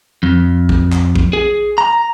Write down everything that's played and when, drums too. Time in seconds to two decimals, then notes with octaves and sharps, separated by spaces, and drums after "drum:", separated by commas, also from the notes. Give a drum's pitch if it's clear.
0.23 F2
0.69 drum: kick A#1
0.92 drum: clap
1.15 drum: kick A#1
1.33 G#4
1.78 A#5